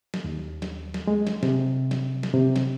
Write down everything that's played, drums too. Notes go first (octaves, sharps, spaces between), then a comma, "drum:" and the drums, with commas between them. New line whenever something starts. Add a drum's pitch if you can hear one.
drum: snare
D#2
drum: snare
drum: snare
G#3
drum: snare
C3, drum: snare
drum: snare
drum: snare
C3
drum: snare